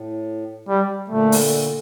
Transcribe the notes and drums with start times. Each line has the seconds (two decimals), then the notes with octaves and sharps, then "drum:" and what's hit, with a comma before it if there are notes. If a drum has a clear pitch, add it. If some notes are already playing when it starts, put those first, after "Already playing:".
Already playing: A2
0.68 G3
1.10 A#2 D3 A3
1.32 drum: open hi-hat